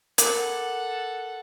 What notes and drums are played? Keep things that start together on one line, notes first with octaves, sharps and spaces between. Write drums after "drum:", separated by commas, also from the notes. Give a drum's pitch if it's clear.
A4 A#4 F#5 B5 D6, drum: hi-hat